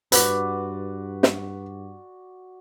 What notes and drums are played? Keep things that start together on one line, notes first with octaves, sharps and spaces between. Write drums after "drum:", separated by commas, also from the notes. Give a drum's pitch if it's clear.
G2 F#4 B4 D5 F#5, drum: hi-hat
drum: snare